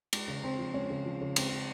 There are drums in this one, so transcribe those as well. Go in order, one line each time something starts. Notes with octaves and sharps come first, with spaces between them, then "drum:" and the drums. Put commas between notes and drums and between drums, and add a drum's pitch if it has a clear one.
G#3, drum: cymbal
C#3
C#3 C4
F3
G#3 C#4
C#3
F3
C#3
G#3 C4, drum: cymbal
C#3